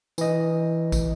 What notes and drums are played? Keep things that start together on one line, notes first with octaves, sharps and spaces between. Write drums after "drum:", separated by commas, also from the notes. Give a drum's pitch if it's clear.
E3 D#5, drum: tambourine
drum: kick, tambourine